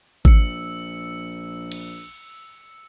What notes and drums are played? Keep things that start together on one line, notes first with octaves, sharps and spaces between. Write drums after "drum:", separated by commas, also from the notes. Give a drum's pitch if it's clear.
A#1 E6 C#7, drum: kick G#1
drum: cymbal